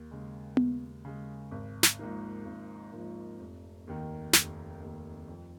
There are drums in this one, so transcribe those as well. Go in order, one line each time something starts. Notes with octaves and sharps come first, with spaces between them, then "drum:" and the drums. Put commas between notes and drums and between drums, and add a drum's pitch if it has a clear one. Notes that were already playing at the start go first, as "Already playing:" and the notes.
Already playing: D#2
C#3 G#3
D#2, drum: tom B3
C#3 G#3
G#1
drum: snare
G#2 F3 A#3 D#4
G#1
G#2 F3 A#3 D#4
F1
D#2 D#3
F1, drum: snare
D#2 D#3
F2